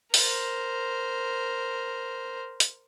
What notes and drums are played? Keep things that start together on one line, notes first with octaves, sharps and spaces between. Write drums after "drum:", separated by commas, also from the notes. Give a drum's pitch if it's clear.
A#4 C5, drum: open hi-hat
drum: hi-hat